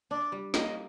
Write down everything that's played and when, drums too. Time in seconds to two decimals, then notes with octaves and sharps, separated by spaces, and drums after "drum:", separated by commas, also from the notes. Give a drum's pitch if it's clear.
0.11 D4 D5
0.32 G3
0.54 A#3 D#5, drum: snare